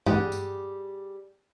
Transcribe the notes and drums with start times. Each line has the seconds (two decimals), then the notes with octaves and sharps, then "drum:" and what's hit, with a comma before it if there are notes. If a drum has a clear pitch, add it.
0.06 G3 G4 G#4 F#5, drum: tom G2
0.32 drum: tambourine